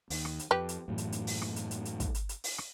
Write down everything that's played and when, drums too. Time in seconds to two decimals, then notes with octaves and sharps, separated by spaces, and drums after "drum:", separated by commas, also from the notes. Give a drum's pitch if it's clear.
0.10 D#2, drum: open hi-hat
0.25 drum: rim click
0.39 drum: hi-hat
0.51 F2 G4 B4
0.69 drum: hi-hat
0.88 F#2 A2 E3
0.98 drum: hi-hat
1.12 drum: hi-hat
1.27 drum: open hi-hat
1.42 drum: rim click
1.56 drum: hi-hat
1.71 drum: hi-hat
1.85 drum: hi-hat
2.00 drum: kick, hi-hat
2.15 drum: hi-hat
2.29 drum: hi-hat
2.44 drum: open hi-hat
2.58 drum: rim click